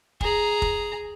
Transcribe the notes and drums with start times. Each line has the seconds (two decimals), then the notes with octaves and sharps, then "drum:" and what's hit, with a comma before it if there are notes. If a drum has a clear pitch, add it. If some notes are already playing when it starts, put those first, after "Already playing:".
0.21 G#4 A#5, drum: kick
0.62 drum: kick